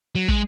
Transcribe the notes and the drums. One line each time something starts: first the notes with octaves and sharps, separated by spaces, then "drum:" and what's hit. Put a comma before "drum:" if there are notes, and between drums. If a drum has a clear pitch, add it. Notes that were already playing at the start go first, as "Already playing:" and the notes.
F#3
G#3, drum: kick